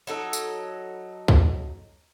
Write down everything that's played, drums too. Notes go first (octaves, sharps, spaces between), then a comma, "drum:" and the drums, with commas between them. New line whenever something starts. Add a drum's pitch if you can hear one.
F#3 D#4 A4
drum: tambourine
drum: kick C2